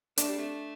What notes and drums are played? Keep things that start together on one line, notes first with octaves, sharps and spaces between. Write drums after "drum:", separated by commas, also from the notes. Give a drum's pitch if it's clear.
A3 D4, drum: hi-hat
G3
C3 A3